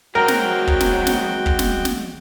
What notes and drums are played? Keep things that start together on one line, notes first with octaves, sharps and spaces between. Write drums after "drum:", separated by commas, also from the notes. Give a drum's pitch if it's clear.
F#3 G#3 C4 F#4 A#4 G5
drum: snare
drum: kick
drum: snare
drum: snare
drum: kick
drum: snare
drum: snare